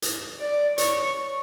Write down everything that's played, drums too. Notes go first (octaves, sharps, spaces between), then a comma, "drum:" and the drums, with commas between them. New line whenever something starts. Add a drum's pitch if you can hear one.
drum: hi-hat
D5
C#5, drum: hi-hat